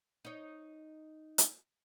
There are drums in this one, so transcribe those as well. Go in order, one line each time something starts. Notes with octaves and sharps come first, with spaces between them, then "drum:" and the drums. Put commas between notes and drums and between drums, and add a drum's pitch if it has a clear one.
D#4 C#5
drum: hi-hat